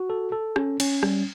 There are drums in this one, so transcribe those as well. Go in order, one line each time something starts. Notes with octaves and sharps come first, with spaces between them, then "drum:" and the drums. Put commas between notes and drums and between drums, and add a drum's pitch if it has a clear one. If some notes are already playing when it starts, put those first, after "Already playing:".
Already playing: F#4
A4
A4
C#4, drum: rim click
C#4, drum: cymbal
G3, drum: rim click